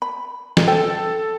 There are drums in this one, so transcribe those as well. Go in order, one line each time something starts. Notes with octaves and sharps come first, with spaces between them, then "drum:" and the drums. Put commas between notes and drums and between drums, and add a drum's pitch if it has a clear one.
B5
drum: snare
A4 G5